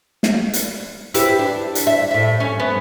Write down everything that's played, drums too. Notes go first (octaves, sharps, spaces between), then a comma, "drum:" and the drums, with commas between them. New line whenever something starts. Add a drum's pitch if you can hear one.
drum: snare
drum: hi-hat
E4 G4 B4, drum: hi-hat
D4
drum: hi-hat
E5
A2 E5
C#4
B3